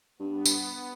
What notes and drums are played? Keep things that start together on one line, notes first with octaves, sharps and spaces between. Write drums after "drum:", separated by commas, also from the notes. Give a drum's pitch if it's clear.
G2 B3
drum: tambourine